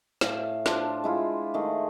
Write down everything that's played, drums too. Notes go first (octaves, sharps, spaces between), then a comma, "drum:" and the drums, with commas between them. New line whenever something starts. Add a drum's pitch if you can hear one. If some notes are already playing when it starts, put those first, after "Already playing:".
A2 F5 G#5, drum: snare
D4 F4 C5 A5, drum: snare
G#3 E4 F4
D#3 A3 G#4